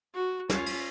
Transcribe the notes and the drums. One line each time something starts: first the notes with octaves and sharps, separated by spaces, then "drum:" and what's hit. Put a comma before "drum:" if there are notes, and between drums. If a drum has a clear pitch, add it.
F#4
C#4 F4, drum: snare
drum: cymbal